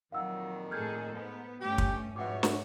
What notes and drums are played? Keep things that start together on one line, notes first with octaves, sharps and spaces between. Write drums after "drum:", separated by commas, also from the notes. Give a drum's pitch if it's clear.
F2 A#2 D#3 F#3 F5 F#5 E6
A2 G#4 A4 F6 G6 G#6
G#2 B3
G2 A3 C#4 G4
drum: kick
F2 G#2 B2 G3 C#5 E5 F#5 D6
drum: snare